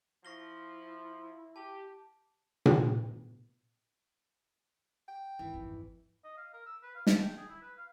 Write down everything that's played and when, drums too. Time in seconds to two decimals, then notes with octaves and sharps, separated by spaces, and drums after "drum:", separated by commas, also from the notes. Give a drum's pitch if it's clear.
0.25 F3 E4 C#6 A#6 G7
1.56 G4 A5
2.66 drum: tom A#2
5.08 G5
5.39 G#1 E3
5.54 G#1 F2
6.24 D#5
6.37 F5
6.54 A#4
6.66 E6
6.83 B4
6.95 F5
7.07 A5, drum: snare
7.22 G5
7.37 G#4
7.49 E4
7.62 B4
7.78 F5